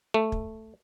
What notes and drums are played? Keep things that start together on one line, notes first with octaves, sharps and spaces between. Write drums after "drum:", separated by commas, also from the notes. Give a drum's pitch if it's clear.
A3
drum: kick